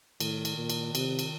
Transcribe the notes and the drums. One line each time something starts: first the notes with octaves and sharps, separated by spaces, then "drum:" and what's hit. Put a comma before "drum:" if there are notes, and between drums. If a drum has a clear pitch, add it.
A2 D#3, drum: cymbal
drum: cymbal
A#2
drum: cymbal
C3, drum: cymbal
drum: cymbal